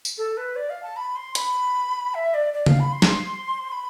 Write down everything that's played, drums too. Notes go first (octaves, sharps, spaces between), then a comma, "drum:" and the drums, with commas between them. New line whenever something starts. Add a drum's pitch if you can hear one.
drum: tambourine
A4
B4
D5
F5
A5
B5
C6
B5, drum: hi-hat
E5
D5
D5
F5, drum: tom C#3
B5
C6
drum: snare
B5